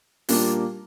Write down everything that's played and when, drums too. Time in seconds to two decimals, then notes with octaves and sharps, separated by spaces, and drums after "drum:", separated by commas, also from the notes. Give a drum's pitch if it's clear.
0.29 A#2 G3 A#3 D4, drum: open hi-hat